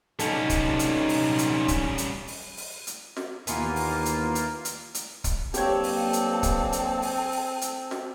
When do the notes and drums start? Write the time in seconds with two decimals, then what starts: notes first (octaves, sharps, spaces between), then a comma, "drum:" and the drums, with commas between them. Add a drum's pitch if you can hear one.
0.19 G3 C#4 D#4 A4, drum: hi-hat
0.50 drum: kick, hi-hat
0.79 drum: hi-hat
1.09 drum: open hi-hat
1.39 drum: hi-hat
1.68 drum: kick, hi-hat
1.98 drum: hi-hat
2.28 drum: open hi-hat
2.57 drum: open hi-hat
2.87 drum: hi-hat
3.17 drum: snare
3.47 D#2 E3 A#3 B3 F4 G#5, drum: hi-hat
3.76 drum: open hi-hat
4.06 drum: hi-hat
4.35 drum: hi-hat
4.65 drum: hi-hat
4.94 drum: hi-hat
5.24 drum: kick, hi-hat
5.54 G2 F#3 A#3 C4 G4 A4 C#5, drum: hi-hat
5.83 drum: open hi-hat
6.13 drum: hi-hat
6.43 drum: kick, hi-hat
6.72 drum: hi-hat
7.02 drum: open hi-hat
7.32 drum: open hi-hat
7.61 drum: hi-hat
7.91 drum: snare